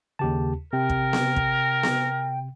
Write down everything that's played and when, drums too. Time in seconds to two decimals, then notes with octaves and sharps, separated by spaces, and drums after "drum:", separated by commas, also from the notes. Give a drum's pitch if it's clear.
0.19 D#2 C#3 G4 A5
0.73 C3 A#4 G5
0.90 drum: kick
1.13 drum: snare B3
1.36 drum: kick
1.83 drum: snare B3